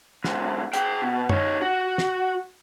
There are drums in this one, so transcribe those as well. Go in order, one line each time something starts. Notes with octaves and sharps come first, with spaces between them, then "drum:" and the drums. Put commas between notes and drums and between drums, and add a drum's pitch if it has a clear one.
D2 G#2, drum: snare
G#4 G5, drum: hi-hat
B2
D#4 C#5, drum: tom F#2
F#4
drum: snare